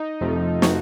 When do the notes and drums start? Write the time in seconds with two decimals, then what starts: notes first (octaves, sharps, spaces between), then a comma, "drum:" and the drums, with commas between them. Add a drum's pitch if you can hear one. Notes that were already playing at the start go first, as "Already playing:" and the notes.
Already playing: D#4
0.21 F2 C3 F3 A3
0.62 F#4, drum: snare